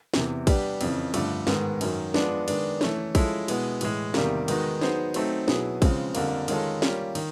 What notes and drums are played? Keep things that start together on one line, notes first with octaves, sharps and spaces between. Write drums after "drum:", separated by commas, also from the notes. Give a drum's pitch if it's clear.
E2 C3 E3, drum: snare
G3 B3 D4 G4, drum: kick, cymbal
F2 C#3 E3, drum: cymbal
G2 D3 F3 A3, drum: cymbal
G#2 D#3 G#3 B3, drum: snare
F#2 D#3 F#3, drum: cymbal
F3 G#3 B3 D4, drum: snare
D#3 G#3 B3 D4, drum: cymbal
E3 A3 C#4, drum: snare
F3 G#3 C#4 E4 A4, drum: kick, cymbal
B2 G#3 B3 E4, drum: cymbal
A2 E3 G#3, drum: cymbal
E2 C3 D#3 G3 A#3, drum: snare
D#3 G#3 B3 D#4 F#4, drum: cymbal
F#3 B3 D#4 G#4 C5, drum: snare
F#3 A3 C4 D#4, drum: cymbal
B2 F#3 B3 E4 G#4, drum: snare
C#3 F3 G#3 C4, drum: kick, cymbal
F2 D3 G3 A#3, drum: cymbal
D#3 G#3 C#4 F4 A4, drum: cymbal
G3 A#3 C#4 F4, drum: snare
D#3, drum: cymbal